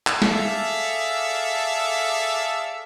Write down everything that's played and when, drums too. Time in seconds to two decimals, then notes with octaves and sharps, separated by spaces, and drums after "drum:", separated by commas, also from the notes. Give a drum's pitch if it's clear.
0.07 drum: clap
0.22 G#4 A4 D5 E5 F5, drum: snare